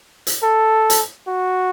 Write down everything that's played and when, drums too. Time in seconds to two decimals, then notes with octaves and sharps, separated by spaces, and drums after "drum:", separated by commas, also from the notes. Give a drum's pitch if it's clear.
0.27 drum: hi-hat
0.43 A4
0.90 drum: hi-hat
1.27 F#4